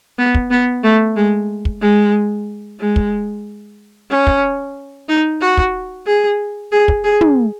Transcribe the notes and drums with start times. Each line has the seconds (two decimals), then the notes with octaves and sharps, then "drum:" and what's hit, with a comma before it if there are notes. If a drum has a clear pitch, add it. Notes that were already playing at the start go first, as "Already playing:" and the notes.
0.18 B3
0.34 drum: kick
0.51 B3
0.83 A3
1.16 G#3
1.65 drum: kick
1.82 G#3
2.80 G#3
2.96 drum: kick
4.10 C#4
4.27 drum: kick
5.09 D#4
5.41 F#4
5.57 drum: kick
6.07 G#4
6.72 G#4
6.88 drum: kick
7.04 G#4
7.21 drum: tom